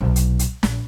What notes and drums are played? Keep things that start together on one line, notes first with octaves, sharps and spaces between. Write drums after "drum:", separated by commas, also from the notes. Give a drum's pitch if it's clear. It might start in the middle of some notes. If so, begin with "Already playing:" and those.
B1 C3
drum: hi-hat
drum: hi-hat
A#1, drum: snare